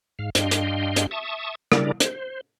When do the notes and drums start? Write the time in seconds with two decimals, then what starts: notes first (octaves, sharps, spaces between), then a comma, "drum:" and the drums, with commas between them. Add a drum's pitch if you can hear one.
0.19 G#2 F5
0.35 G2 D4 D#5 F5 G5 C6, drum: hi-hat
0.51 drum: hi-hat
0.96 drum: hi-hat
1.11 E5 A5 C#6 D#6
1.72 C#3 G3 D4 E4 A#4 D5, drum: rim click
2.00 C5, drum: hi-hat